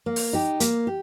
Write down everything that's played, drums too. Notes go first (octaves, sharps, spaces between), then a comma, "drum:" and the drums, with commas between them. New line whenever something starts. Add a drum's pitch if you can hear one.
A#3
drum: open hi-hat
D#4 G4
A#3, drum: hi-hat
G4